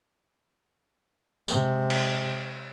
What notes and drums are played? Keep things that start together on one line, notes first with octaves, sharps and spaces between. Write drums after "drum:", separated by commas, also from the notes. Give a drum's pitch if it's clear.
C3 G#3, drum: tambourine
drum: cymbal